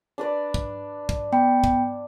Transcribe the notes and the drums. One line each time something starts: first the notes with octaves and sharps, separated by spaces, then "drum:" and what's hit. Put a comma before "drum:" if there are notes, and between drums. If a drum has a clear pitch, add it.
D4 B4 D5
drum: kick
drum: kick
B3 G5 B5
drum: kick